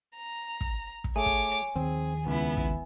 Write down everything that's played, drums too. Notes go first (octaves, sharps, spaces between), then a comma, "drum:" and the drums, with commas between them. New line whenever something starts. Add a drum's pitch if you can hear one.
A#5
drum: kick
drum: kick
A3 G#4 C#5 G#5 D6
drum: kick
D#2 D#3 F3 C4 G#4
C#2 B3 E4
drum: kick